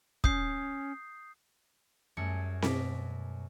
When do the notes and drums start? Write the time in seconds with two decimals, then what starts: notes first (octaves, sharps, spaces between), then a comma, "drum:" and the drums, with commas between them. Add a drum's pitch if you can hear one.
0.24 C#4 D#6 G6 C7, drum: kick
2.17 F#2 G3 A3 G#4 G#6 C#7
2.62 B2 A#5 D6 B6, drum: snare C4